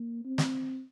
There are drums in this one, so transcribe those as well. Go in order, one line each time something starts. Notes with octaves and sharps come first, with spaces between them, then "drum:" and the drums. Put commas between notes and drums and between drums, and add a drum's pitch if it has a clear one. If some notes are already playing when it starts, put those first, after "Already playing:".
Already playing: A#3
C4
drum: snare